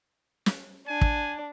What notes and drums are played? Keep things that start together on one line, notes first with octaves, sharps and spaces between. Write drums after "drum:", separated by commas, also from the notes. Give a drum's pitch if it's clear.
drum: snare
D4 G#5
drum: kick